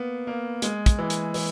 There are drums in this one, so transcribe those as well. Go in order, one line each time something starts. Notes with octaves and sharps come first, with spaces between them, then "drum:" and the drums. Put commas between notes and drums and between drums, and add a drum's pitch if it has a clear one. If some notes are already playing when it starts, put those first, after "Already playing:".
Already playing: A#3 B3
A#3
G#3, drum: hi-hat
drum: kick, hi-hat
E3
drum: hi-hat
E3, drum: open hi-hat